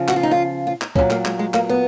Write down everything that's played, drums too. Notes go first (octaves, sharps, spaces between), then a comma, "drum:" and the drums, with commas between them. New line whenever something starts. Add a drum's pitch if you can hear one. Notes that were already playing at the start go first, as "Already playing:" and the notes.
Already playing: C#3 F3
F#4, drum: clap
F4
D#4
F4
F4
D#4, drum: clap
A#2 F#3 C#4, drum: kick
A#3, drum: clap
G#3, drum: clap
G#3
A#3, drum: clap
B3